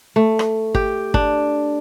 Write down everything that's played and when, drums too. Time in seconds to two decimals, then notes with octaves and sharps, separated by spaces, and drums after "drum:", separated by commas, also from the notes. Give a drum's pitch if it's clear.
0.16 A3
0.39 drum: rim click
0.75 G4, drum: kick
1.14 D4, drum: kick